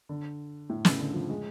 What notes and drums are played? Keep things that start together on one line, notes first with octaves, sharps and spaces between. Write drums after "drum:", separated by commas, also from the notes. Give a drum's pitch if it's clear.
D3
A2
C#3, drum: snare
D3
F3
G#3